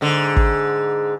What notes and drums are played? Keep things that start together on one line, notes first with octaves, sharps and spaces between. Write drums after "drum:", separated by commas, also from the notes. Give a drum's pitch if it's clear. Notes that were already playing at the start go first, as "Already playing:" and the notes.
G#2 D3
drum: kick